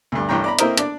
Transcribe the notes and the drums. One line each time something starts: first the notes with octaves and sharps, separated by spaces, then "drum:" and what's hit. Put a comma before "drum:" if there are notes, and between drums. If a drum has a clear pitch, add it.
D2 G2
A1 G2 C#5 G5 A#5
D5 A#5 B5
A#3 C4 E4 A#4 C5 D#5, drum: hi-hat
D4 D5, drum: hi-hat